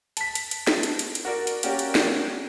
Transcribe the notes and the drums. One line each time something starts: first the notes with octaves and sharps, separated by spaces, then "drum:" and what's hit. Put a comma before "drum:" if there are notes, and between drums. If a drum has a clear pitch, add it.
A5 B6, drum: hi-hat
drum: hi-hat
drum: hi-hat
drum: snare
drum: hi-hat
drum: hi-hat
drum: hi-hat
F#4 A#4 D5
drum: hi-hat
A#3 C#4 F#4 G4 A#4 D5, drum: hi-hat
drum: hi-hat
drum: snare